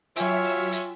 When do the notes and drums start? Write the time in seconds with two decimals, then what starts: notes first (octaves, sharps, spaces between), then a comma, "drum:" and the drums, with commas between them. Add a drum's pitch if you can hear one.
0.16 F#3 F4 C#5 E5 G5 G#5 D7, drum: hi-hat
0.44 drum: open hi-hat
0.72 drum: hi-hat